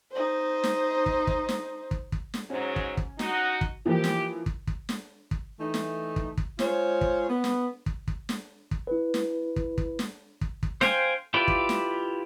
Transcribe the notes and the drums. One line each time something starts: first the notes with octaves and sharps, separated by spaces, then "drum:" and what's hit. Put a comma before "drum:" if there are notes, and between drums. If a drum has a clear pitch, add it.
D#4 C5
drum: snare
drum: kick
drum: kick
drum: snare
drum: kick
drum: kick
drum: snare
G#2 F#3 C#4
drum: kick
drum: kick
D#4 F#4, drum: snare
drum: kick
E3 F3 A#3 G4
drum: snare
drum: kick
drum: kick
drum: snare
drum: kick
E3 A3 D#4
drum: snare
drum: kick
drum: kick
G#3 F4 C5 C#5, drum: snare
drum: kick
B3 B4
drum: snare
drum: kick
drum: kick
drum: snare
drum: kick
E4 B4
drum: snare
drum: kick
drum: kick
drum: snare
drum: kick
drum: kick
C5 F5 G5 G#5, drum: snare
E4 F4 G4 B4 D5
drum: kick
drum: snare